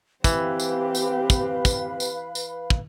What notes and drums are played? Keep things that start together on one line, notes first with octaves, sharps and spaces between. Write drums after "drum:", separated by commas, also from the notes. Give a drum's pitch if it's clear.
E3 C4 G4 B4 F5 B5, drum: kick, tambourine
drum: tambourine
drum: tambourine
drum: kick, tambourine
drum: kick, tambourine
drum: tambourine
drum: tambourine
drum: kick